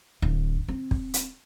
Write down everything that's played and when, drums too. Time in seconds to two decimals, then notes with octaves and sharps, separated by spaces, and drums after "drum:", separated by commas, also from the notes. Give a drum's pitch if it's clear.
0.22 D1
0.68 C4
0.91 drum: kick
1.14 drum: hi-hat